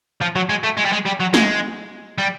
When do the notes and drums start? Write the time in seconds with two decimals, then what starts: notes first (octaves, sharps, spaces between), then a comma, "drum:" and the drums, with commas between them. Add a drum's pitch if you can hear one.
0.21 F3
0.36 F#3
0.49 G#3
0.64 A3
0.77 G#3
0.85 G3
0.93 G#3
1.06 G3
1.20 F#3
1.34 G#3, drum: snare
2.18 G3